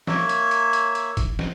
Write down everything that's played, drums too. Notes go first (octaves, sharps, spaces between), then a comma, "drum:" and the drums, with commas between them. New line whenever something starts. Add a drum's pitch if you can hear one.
A#3 C#5 E5, drum: snare
drum: hi-hat
drum: hi-hat
drum: hi-hat
drum: hi-hat
drum: kick, hi-hat
drum: snare